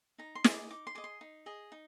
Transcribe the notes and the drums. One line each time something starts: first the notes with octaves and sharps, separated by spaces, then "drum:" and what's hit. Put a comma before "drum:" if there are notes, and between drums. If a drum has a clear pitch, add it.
D#4 A#5
C6
G#4 D#5, drum: snare
D6
D#4 D6
C6
G#4 D#5 D6
C6
D#4
G#4 D#5
D#4